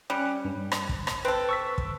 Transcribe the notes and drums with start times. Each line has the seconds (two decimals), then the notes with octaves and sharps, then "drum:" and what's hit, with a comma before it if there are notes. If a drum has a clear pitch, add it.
0.10 G3 C#4 F#6 C#7
0.45 G2
0.72 drum: rim click
0.89 drum: kick
1.07 drum: rim click
1.25 C4 A4 B4
1.49 C#6 E6 B6
1.78 drum: kick